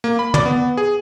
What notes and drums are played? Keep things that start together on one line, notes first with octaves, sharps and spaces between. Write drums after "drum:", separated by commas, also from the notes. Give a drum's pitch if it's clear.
A#3
B5
D5, drum: tom
B3
G#4